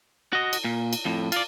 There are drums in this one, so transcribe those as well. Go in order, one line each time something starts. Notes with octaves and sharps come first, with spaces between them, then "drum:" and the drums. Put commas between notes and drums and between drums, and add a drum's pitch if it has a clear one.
F#4 D#5
drum: cymbal
A#2
drum: cymbal
F2 A2
F4 D5, drum: cymbal